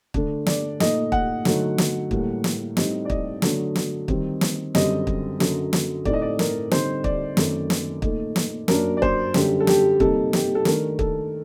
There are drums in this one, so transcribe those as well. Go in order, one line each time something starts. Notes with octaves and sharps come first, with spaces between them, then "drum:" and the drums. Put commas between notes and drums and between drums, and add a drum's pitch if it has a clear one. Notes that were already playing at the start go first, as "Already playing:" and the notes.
D3 A3 D4, drum: kick
D5, drum: snare
A#2 A3 D#4 D#5, drum: snare
F#5, drum: kick
D3 F#3 A3 D#4, drum: snare
drum: snare
A2 G3 A#3, drum: kick
drum: snare
A2 G3 C4 D#4, drum: snare
D5
D#5, drum: kick
D3 F#3 A3 D4, drum: snare
drum: snare
D#3 G3 C4, drum: kick
drum: snare
F#2 D3 G3 C4 D#5, drum: snare
drum: kick
F#2 D3 F#3, drum: snare
drum: snare
A2 A3 C4 D#4 D5, drum: kick
D#5
D5
A#4, drum: snare
D3 G3 C4 D#4 C5, drum: snare
D5, drum: kick
F#2 D#3 A3 C4, drum: snare
drum: snare
A#2 A3 D#4, drum: kick
drum: snare
F#2 F#3 A#3 D4 A#4, drum: snare
D5
C5, drum: kick
F#2 D3 G3 D4 G4, drum: snare
A4
G4, drum: snare
C3 G3 A#3 D#4 A4, drum: kick
G4, drum: snare
A4
D#3 A3 D4 A#4, drum: snare
A4, drum: kick